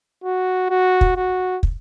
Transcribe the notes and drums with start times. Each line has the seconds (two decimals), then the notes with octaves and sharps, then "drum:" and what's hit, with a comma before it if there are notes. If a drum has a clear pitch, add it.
0.24 F#4
0.70 F#4
1.01 drum: kick
1.16 F#4
1.63 drum: kick